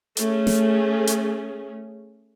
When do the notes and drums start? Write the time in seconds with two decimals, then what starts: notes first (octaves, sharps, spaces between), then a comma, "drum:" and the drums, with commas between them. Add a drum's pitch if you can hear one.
0.17 A3 C#4 G#4, drum: hi-hat
0.47 drum: snare
1.07 drum: hi-hat